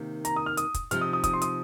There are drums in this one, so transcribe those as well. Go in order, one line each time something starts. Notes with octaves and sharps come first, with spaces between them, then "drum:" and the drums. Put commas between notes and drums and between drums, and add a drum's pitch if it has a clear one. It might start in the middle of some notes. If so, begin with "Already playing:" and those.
Already playing: C3 D#3 A#3 D#4
A#5, drum: hi-hat
D#6
F6
D#6, drum: hi-hat
drum: kick, hi-hat
C3 F3 D#4 F6, drum: hi-hat
D#6
D#6
D#6, drum: kick, hi-hat
C6
D#6, drum: hi-hat